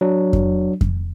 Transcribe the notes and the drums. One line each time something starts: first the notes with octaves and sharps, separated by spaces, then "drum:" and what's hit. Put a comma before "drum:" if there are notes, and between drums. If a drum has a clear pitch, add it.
F#3 D4
drum: kick F2
drum: kick F2